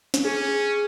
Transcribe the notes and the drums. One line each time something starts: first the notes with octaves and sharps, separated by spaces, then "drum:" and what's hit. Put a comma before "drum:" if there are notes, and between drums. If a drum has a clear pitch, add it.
drum: snare
C#4 G#4